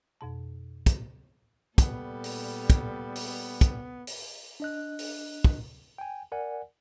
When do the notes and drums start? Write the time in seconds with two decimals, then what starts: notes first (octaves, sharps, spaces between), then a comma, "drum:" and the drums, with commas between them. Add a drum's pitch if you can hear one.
0.21 F2 B2 A5
0.86 drum: kick, hi-hat
1.78 A#2 G3 B3 A4, drum: kick, hi-hat
2.24 drum: open hi-hat
2.70 drum: kick, hi-hat
3.15 drum: open hi-hat
3.61 drum: kick, hi-hat
4.07 drum: open hi-hat
4.60 D4 D#5 F#6
4.99 drum: open hi-hat
5.44 drum: kick
5.98 G5 G#5
6.32 A#4 D5 F#5 G#5